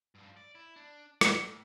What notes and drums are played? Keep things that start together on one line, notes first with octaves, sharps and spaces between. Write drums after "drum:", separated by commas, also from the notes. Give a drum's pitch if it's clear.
G2 F3
D5
E4
D4
C3 F#3, drum: rim click
D2 A2